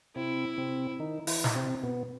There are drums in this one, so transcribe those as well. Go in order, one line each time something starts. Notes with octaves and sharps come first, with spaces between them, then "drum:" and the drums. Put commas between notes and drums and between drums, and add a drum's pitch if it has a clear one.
C3 C4 E4
C3 C4
D#3 D#4
E3 E4, drum: open hi-hat
D#4, drum: snare
C3 C4
B2 B3